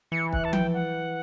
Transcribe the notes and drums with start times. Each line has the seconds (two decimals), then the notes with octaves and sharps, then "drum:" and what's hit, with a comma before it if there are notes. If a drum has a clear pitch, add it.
0.12 E3 C#7
0.33 F#6, drum: kick
0.44 A5
0.53 G5, drum: tom F3
0.74 F#5